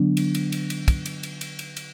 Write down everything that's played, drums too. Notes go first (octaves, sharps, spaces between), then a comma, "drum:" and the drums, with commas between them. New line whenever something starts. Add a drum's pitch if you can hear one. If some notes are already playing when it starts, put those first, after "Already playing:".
Already playing: D3 F#3 B3 D4
drum: cymbal
drum: cymbal
drum: cymbal
drum: cymbal
drum: kick, cymbal
drum: cymbal
drum: cymbal
drum: cymbal
drum: cymbal
drum: cymbal